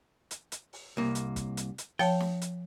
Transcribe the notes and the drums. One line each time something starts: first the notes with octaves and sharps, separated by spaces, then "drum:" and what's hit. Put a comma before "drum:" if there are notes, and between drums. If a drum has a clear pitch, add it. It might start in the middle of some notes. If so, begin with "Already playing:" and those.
drum: hi-hat
drum: hi-hat
drum: open hi-hat
C2 A#3
drum: hi-hat
drum: kick, hi-hat
drum: hi-hat
drum: hi-hat
F3 C#5 G5 A5, drum: open hi-hat
drum: snare
drum: hi-hat